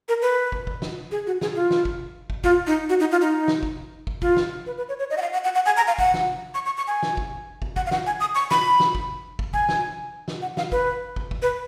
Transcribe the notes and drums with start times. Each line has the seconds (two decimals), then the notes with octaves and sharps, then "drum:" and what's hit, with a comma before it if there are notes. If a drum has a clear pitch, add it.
0.09 A#4
0.22 B4
0.52 drum: kick
0.67 drum: kick
0.82 drum: snare
1.11 G#4
1.27 F#4
1.41 G#4, drum: snare
1.55 F4
1.71 drum: snare
1.85 drum: kick
2.30 drum: kick
2.44 F4, drum: kick
2.67 D#4
2.89 F#4
3.00 D#4
3.11 F4
3.21 D#4
3.48 drum: snare
3.63 drum: kick
4.07 drum: kick
4.22 F4, drum: kick
4.37 drum: snare
4.67 B4
4.78 B4
4.89 C#5
4.99 C#5
5.10 D#5
5.18 F#5
5.22 F5
5.33 F#5
5.44 F#5
5.55 F#5
5.66 G#5
5.77 A#5
5.87 F5
5.99 F#5, drum: kick
6.14 drum: snare
6.54 C#6
6.66 C#6
6.77 C#6
6.88 G#5
7.03 drum: snare
7.17 drum: kick
7.62 drum: kick
7.76 F#5, drum: kick
7.86 F5
7.91 F#5, drum: snare
8.07 G#5
8.20 D#6
8.35 C#6
8.51 B5, drum: snare
8.80 drum: snare
8.95 drum: kick
9.39 drum: kick
9.54 G#5, drum: kick
9.69 drum: snare
10.28 drum: snare
10.42 F#5
10.57 F5, drum: snare
10.72 B4, drum: kick
11.16 drum: kick
11.31 drum: kick
11.42 B4